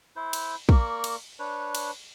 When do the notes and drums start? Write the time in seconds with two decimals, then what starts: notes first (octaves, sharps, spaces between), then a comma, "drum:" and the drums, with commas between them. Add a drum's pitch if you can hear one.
0.16 E4 C5
0.33 drum: cymbal
0.69 A#3 A#4 D5 C#6, drum: kick
1.04 drum: cymbal
1.39 D4 B4 C#5
1.75 drum: cymbal